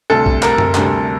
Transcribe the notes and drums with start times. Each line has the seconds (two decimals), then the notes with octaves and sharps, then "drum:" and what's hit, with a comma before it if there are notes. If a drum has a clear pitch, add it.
0.10 D2 C3 G3 A4
0.26 drum: kick A#1
0.42 A#4, drum: clap
0.58 drum: tom F#2
0.75 D2 C3 G3, drum: clap